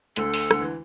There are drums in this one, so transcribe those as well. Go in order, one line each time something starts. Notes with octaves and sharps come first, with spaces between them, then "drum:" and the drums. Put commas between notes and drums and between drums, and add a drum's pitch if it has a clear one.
D2 D3 A4, drum: hi-hat
drum: open hi-hat
D2 D3, drum: rim click
E3